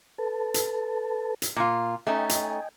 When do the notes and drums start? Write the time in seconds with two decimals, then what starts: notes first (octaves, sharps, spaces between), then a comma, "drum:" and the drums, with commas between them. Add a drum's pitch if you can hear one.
0.18 A4 B4 A5
0.54 drum: hi-hat
1.42 drum: hi-hat
1.56 A#2 F4
2.07 A3 C#4 D#4 D#5 G5 G#5
2.29 drum: hi-hat